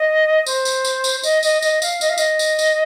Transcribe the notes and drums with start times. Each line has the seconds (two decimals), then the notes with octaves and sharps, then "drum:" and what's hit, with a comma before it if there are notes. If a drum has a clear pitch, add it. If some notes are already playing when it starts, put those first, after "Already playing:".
Already playing: D#5
0.46 C5, drum: tambourine
0.65 drum: tambourine
0.85 drum: tambourine
1.04 drum: tambourine
1.23 D#5, drum: tambourine
1.43 D#5, drum: tambourine
1.62 D#5, drum: tambourine
1.82 F5, drum: tambourine
2.01 D#5, drum: tambourine
2.09 F5
2.18 D#5, drum: tambourine
2.39 drum: tambourine
2.59 drum: tambourine